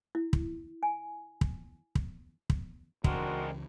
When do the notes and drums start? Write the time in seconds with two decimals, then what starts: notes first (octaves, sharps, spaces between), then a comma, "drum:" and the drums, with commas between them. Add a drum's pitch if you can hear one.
0.15 E4
0.33 drum: kick
0.83 G#5
1.41 drum: kick
1.95 drum: kick
2.50 drum: kick
3.04 C#2 C#3 E3 G#3 C4 D4 F#4 A#4, drum: kick